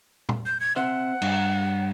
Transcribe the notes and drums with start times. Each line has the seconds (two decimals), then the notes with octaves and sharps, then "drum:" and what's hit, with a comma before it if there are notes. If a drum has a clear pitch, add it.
0.29 drum: tom
0.46 G6
0.60 G#6
0.76 C4 C5 E5 F#5
1.22 G2, drum: cymbal